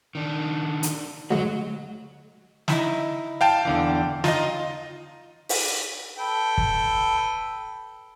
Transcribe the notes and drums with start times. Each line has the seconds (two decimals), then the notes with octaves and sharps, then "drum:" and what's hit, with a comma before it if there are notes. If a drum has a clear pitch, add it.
0.15 D#3 D4
0.83 drum: hi-hat
1.31 D2 F#3 G#3 F#4
2.68 D#4 E4 E5, drum: snare
3.41 F5 G5 A5
3.65 E2 D3 E3
4.24 D#4 F4 D#5, drum: snare
5.49 drum: open hi-hat
6.18 A4 B4 G5
6.58 drum: kick